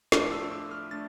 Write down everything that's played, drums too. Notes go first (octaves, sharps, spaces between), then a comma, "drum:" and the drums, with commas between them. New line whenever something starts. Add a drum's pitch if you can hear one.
A2 F3 A3 D4 D6, drum: snare
E6
E6
F6
A3 D4 A6